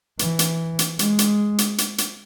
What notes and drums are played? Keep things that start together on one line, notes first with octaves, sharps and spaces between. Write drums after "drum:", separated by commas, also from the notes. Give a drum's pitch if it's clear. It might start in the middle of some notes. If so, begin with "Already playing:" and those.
E3, drum: hi-hat
drum: hi-hat
drum: hi-hat
G#3, drum: hi-hat
drum: hi-hat
drum: hi-hat
drum: hi-hat
drum: hi-hat